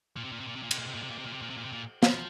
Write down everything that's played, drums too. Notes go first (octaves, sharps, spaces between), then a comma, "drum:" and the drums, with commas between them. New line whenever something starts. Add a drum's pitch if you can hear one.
A#2
C3
A#2
C3
A#2
C3
A#2
C3, drum: cymbal
A#2
C3
A#2
C3
A#2
C3
A#2
C3
A#2
C3
A#2
C3
A#2
F3, drum: snare